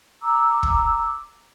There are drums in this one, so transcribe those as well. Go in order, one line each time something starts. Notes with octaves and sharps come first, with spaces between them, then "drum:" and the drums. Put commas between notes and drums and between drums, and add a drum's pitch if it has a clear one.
A#5 D6 E6
drum: kick